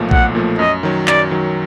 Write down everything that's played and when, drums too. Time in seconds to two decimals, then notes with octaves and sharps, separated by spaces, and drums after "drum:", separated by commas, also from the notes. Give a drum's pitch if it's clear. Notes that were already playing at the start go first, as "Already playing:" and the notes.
Already playing: B1 A#2 F3 A3
0.11 B1 F#5, drum: kick
0.35 A#2 F3 A3
0.59 F#2 D#5
0.83 D#3 F#3
1.07 F#2 D5, drum: clap
1.31 D#3 F#3